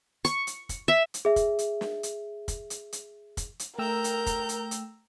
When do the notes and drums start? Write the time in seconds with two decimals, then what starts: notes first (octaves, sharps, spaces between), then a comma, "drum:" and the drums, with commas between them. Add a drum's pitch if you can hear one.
0.25 C#6, drum: hi-hat
0.47 drum: hi-hat
0.69 drum: kick, hi-hat
0.88 E5
1.14 drum: hi-hat
1.25 G#4 E5
1.36 drum: kick, hi-hat
1.59 drum: hi-hat
1.81 drum: snare
2.03 drum: hi-hat
2.48 drum: kick, hi-hat
2.70 drum: hi-hat
2.93 drum: hi-hat
3.37 drum: kick, hi-hat
3.59 drum: hi-hat
3.79 A3 A#4 G5 A#5 E6 G6
4.04 drum: hi-hat
4.26 drum: kick, hi-hat
4.49 drum: hi-hat
4.71 drum: hi-hat